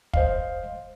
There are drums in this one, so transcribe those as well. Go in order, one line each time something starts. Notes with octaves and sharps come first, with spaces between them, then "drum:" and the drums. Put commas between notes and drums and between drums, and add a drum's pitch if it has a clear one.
C5 D#5 F5, drum: kick